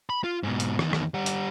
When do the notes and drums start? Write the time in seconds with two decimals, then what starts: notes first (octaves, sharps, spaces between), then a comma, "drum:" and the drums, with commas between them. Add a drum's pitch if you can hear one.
0.10 B5
0.24 F4
0.43 G#2 B2
0.60 drum: hi-hat
0.79 E2 D#3, drum: rim click
0.93 drum: rim click
1.14 G3 F#5
1.26 drum: hi-hat